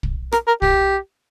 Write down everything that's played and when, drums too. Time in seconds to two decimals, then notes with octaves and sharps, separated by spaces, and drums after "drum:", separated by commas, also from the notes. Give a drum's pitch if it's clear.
0.03 drum: kick
0.32 A#4, drum: rim click
0.47 A#4
0.62 G4, drum: kick